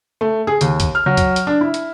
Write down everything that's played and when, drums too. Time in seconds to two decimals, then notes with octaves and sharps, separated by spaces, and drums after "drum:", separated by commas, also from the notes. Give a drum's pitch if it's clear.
0.21 A3
0.47 G#4
0.61 D#2, drum: hi-hat
0.80 drum: kick, hi-hat
0.95 F6
1.06 F#3
1.17 drum: kick, hi-hat
1.36 drum: hi-hat
1.47 D4
1.61 E4
1.74 drum: hi-hat